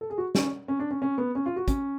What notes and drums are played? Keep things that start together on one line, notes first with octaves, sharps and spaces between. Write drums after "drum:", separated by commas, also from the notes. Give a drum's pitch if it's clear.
A4
G#4
F#4
C#4, drum: snare
C#4
D4
C#4
C#4
B3
C#4
F4
F#4
C#4, drum: kick, hi-hat